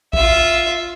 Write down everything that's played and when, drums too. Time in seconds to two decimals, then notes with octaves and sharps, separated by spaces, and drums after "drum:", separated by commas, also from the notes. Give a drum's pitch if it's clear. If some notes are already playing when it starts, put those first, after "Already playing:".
0.13 F4 E5, drum: kick